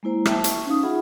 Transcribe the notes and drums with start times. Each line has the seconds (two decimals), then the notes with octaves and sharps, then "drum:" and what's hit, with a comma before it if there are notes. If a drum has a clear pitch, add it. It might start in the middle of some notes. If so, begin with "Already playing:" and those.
0.03 G#3 A#3 E4 C5 A#5
0.26 E5 G5 A5, drum: rim click
0.44 C#6, drum: hi-hat
0.66 C#4 D#4 F5 D#6
0.83 F4 G#4 E5 F#5 B5